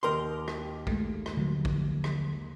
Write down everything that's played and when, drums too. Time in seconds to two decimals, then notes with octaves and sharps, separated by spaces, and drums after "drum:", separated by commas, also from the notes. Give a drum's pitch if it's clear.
0.03 D#2 A#4 D#5 G5 C6 D6
0.48 drum: rim click
0.87 G2 G#3 A3, drum: kick
1.26 drum: rim click
1.37 D3 F3 F#3 G#3
1.65 drum: kick
2.04 drum: rim click